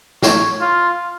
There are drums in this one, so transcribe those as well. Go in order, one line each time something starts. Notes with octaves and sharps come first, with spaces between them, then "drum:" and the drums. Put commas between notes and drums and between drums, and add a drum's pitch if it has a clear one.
C#5, drum: snare
F4